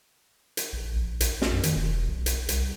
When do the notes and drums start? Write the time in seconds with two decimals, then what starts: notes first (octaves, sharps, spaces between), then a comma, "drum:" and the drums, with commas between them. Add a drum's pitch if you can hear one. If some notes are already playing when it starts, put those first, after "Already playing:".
0.57 drum: hi-hat
0.73 A#1
0.96 A#1
1.21 A#1, drum: hi-hat
1.42 drum: snare
1.52 F#2
1.63 D#3, drum: hi-hat
1.76 E1
2.09 B1
2.26 drum: hi-hat
2.49 C2, drum: hi-hat